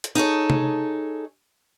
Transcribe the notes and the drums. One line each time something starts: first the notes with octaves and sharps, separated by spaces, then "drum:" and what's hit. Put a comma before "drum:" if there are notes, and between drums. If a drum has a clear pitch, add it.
drum: hi-hat
D#4 G#4 A4 C#5
drum: tom C3